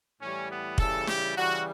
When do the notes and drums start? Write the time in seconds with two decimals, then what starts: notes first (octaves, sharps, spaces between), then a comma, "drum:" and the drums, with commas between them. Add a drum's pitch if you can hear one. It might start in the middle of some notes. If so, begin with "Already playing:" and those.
0.20 A2 E3 G3 C#4
0.49 B3
0.78 C#3 E3 G3 A4, drum: kick
1.07 G4, drum: snare
1.36 C#3 E3 G3 F#4